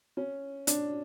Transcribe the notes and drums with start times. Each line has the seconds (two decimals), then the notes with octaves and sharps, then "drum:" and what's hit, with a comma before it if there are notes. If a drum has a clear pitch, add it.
0.17 C#4
0.67 D4, drum: hi-hat